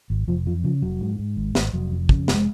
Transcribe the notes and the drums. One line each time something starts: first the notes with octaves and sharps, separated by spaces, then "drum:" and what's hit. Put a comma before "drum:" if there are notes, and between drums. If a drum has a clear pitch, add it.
G#1
F1 F3
F2 F3
C#3 F3
F1 F#3
G#2
G#2
G#1
G#1, drum: snare
F1 F#3
F2
C#3, drum: kick
F1, drum: snare
G#3